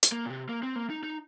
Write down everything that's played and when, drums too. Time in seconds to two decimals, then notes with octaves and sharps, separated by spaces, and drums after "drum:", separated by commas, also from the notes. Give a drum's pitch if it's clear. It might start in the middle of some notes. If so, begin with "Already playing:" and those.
0.03 drum: hi-hat
0.12 A#3
0.26 A#2
0.30 C3
0.49 A#3
0.63 C4
0.76 A#3
0.90 D#4
1.03 D#4